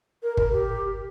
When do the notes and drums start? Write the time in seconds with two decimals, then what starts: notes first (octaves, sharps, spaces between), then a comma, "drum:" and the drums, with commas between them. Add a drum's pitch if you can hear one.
0.23 A#4
0.37 A#4, drum: kick
0.52 G4